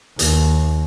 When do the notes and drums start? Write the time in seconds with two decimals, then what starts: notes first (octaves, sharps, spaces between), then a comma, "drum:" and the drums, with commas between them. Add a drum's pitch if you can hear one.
0.19 D#2, drum: hi-hat